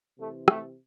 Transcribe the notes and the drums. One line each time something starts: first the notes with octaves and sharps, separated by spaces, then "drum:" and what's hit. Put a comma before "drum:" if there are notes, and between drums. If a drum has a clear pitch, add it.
C3 E3 A3
A3, drum: rim click